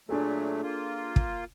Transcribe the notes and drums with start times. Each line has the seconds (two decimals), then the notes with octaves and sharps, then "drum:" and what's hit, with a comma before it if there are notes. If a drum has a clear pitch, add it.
0.09 A#2 F#3 A3 D4 G#4 A4
0.63 A#3 F4
1.16 drum: kick